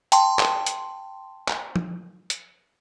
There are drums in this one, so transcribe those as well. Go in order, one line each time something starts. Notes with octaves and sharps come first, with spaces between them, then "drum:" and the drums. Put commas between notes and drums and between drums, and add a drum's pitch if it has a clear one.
G5 A5 C6, drum: hi-hat
drum: clap
drum: hi-hat
drum: clap
drum: tom
drum: hi-hat